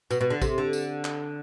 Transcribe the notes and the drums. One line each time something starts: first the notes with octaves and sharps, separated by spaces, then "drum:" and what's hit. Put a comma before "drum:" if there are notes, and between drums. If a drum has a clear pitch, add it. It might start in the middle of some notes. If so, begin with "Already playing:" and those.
B2, drum: tambourine
B2
D3
C3, drum: kick A1, tambourine
D3
drum: tambourine
drum: clap